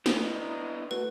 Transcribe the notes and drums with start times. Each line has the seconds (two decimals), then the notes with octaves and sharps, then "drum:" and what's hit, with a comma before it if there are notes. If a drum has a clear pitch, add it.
0.06 B3 D4, drum: snare
0.23 E4 D#5
0.91 A3 F#4 B4